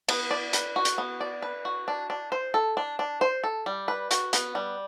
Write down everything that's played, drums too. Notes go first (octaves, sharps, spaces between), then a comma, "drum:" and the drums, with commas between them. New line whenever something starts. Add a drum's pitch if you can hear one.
B3, drum: cymbal
D5
B4, drum: hi-hat
F#4
drum: hi-hat
B3
D5
B4
F#4
D4
D4
C5
A4
D4
D4
C5
A4
G3
B4
F#4, drum: hi-hat
B3, drum: hi-hat
G3